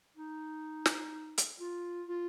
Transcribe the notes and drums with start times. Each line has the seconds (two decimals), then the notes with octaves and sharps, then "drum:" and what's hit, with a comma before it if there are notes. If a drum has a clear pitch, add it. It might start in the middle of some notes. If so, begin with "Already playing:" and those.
0.17 D#4
0.86 drum: snare
1.38 drum: hi-hat
1.60 F4
2.08 F4